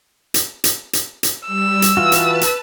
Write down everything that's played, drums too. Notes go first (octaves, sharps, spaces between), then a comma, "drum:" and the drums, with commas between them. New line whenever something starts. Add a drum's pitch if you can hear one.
drum: hi-hat
drum: hi-hat
drum: hi-hat
drum: hi-hat
G3 E6
drum: hi-hat
E3 F4 F#4 B4 A5
drum: hi-hat
drum: hi-hat